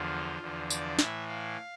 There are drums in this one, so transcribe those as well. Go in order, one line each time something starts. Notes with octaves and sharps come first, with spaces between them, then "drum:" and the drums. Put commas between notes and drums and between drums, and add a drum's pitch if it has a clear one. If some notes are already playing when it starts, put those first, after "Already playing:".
Already playing: E2 D3 F3 F4
E2 D3 F3
D5, drum: tambourine
A2 E3 E5, drum: snare
F5